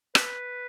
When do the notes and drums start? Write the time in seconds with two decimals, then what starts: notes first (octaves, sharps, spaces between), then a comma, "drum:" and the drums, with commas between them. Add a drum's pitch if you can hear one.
0.15 B4, drum: rim click